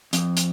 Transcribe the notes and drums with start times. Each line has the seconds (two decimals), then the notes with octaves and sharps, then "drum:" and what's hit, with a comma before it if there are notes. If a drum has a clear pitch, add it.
0.13 F2, drum: hi-hat
0.37 drum: hi-hat